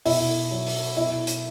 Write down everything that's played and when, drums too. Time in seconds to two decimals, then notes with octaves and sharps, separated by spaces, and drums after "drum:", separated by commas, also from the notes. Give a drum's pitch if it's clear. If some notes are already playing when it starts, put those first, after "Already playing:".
0.05 B2 E4, drum: open hi-hat
0.51 F#3
0.66 drum: open hi-hat
0.97 B2 E4
1.27 drum: hi-hat